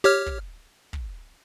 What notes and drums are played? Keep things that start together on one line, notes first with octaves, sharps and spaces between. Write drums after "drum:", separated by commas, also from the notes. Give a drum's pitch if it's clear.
G4 C#5 F6
drum: kick
drum: kick